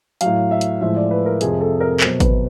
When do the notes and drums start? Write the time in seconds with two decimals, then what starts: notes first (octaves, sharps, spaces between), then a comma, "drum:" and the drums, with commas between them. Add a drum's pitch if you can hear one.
0.21 A2 F#3 F5, drum: hi-hat
0.51 E5
0.61 drum: hi-hat
0.81 A2 F3 G#3 E5
0.96 D5
1.11 B4
1.26 A#4
1.41 F2 C3 F3 G#4, drum: hi-hat
1.61 A4
1.80 A#4
2.00 B2 F#3 C5, drum: clap
2.20 B4, drum: kick G#1, hi-hat